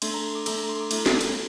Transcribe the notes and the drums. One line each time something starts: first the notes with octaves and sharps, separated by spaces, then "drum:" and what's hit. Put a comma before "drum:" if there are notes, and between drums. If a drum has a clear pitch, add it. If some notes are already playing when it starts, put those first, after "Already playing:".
A3 D4 A4 C6, drum: cymbal
A#5
C6
D6
A3 D4 A4, drum: cymbal
A#5
C6
D6
A3 E4 A4, drum: cymbal
drum: snare
drum: cymbal